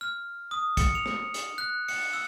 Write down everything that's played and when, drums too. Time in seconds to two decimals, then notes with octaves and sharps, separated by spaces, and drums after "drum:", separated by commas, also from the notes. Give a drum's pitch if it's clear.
0.01 F6
0.51 D#6
0.77 C#7, drum: kick, hi-hat
0.95 F7
1.06 drum: rim click
1.34 drum: hi-hat
1.58 F#6
1.88 C#7, drum: open hi-hat
2.13 E6